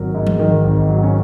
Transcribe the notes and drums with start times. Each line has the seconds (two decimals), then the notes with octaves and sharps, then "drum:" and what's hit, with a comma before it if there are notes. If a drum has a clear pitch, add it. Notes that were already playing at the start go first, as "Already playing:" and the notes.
Already playing: G#1 F#3 A#4
0.14 G#2
0.27 drum: tom E3
0.39 D#3
0.64 G#1
0.89 F#3
1.03 C#4